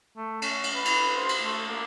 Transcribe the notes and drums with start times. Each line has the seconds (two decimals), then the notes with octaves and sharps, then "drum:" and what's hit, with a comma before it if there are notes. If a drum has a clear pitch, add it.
0.17 A3
0.42 C#4, drum: cymbal
0.64 drum: cymbal
0.75 B4
0.85 drum: cymbal
1.15 C5
1.29 drum: cymbal
1.43 A3
1.69 A#3